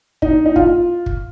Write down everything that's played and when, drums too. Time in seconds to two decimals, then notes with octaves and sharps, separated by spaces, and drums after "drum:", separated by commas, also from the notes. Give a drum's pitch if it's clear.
0.22 D#4, drum: kick
0.46 D#4
0.56 F4, drum: kick
1.06 drum: kick